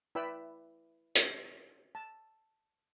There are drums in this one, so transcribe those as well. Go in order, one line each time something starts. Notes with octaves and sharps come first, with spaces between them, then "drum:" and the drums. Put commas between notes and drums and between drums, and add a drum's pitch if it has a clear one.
E4 B4 D5 G5 B5 E6
drum: hi-hat
A5